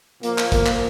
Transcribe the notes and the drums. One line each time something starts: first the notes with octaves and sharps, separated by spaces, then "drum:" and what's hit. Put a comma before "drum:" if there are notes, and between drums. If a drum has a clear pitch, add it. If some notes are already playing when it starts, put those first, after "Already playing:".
A#2 F3 A#3, drum: hi-hat
drum: clap
A#3, drum: kick, hi-hat
drum: clap